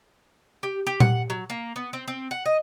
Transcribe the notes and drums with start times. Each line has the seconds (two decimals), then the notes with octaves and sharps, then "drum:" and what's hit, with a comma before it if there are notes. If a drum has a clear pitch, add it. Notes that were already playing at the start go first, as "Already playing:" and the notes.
0.63 G4
0.87 G4
1.00 F#5, drum: tom A#2
1.30 F#3
1.50 A#3
1.76 B3
1.93 C4
2.08 C4
2.31 F#5
2.46 D#5